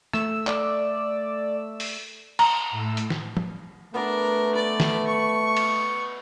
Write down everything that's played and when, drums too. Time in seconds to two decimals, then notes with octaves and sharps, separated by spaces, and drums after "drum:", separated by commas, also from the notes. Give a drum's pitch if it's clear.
0.13 A3 E6, drum: rim click
0.47 D5, drum: clap
1.80 drum: open hi-hat
2.39 A#5, drum: cymbal
2.71 A2 A3 E6
2.97 drum: hi-hat
3.10 drum: snare
3.37 drum: tom
3.94 A3 B3 D4 A#4 D5
4.55 B4 D5
4.80 drum: snare
5.07 C#6
5.57 drum: cymbal